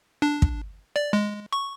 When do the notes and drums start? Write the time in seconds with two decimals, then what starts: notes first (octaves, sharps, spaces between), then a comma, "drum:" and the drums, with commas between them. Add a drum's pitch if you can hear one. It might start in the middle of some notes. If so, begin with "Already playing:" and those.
0.22 D4
0.42 drum: kick
0.96 D5
1.13 G#3
1.53 C#6